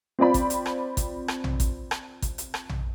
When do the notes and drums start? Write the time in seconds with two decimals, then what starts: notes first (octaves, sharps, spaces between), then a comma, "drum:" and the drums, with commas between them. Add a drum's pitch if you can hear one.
0.19 C4 F4 D5 B5
0.34 drum: kick G#1, hi-hat
0.50 drum: hi-hat
0.66 drum: rim click
0.97 drum: kick G#1, hi-hat
1.28 drum: rim click
1.44 drum: tom A#1
1.60 drum: kick G#1, hi-hat
1.91 drum: rim click
2.22 drum: kick G#1, hi-hat
2.38 drum: hi-hat
2.54 drum: rim click
2.69 drum: tom A#1